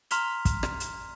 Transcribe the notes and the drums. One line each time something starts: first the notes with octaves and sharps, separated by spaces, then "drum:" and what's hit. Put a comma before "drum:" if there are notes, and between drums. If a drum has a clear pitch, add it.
A#5 C6 F6 B6 F7 G7, drum: hi-hat
drum: kick, hi-hat
drum: rim click
drum: hi-hat